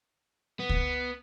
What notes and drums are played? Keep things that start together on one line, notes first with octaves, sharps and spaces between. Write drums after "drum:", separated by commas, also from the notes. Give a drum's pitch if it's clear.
B3
drum: kick C#2